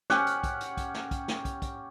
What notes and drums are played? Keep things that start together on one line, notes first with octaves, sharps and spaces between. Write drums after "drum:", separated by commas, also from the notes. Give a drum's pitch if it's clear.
C#4 G4 F#5, drum: snare
drum: hi-hat
drum: kick, hi-hat
drum: hi-hat
drum: kick, hi-hat
drum: snare
drum: kick, hi-hat
drum: snare
drum: kick, hi-hat
drum: kick, hi-hat